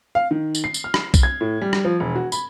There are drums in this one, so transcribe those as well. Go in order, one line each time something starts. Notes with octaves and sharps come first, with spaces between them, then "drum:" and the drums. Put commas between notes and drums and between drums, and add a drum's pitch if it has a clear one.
F5
D#3
drum: tambourine
C7
drum: tambourine
F6
drum: rim click
drum: kick B1, tambourine
G#6
A2
G3
drum: rim click
F3
E1
F#4
B5, drum: tambourine